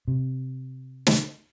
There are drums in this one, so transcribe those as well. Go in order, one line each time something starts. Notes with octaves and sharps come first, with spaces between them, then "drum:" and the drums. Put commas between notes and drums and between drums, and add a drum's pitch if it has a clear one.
C3
drum: snare